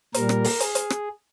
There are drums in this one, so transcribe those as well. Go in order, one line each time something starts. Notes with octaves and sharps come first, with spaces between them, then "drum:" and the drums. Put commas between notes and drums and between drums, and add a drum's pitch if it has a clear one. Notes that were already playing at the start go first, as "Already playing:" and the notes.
A#2 G3 A#4, drum: hi-hat
drum: rim click
drum: open hi-hat
G#4, drum: hi-hat
drum: hi-hat
drum: rim click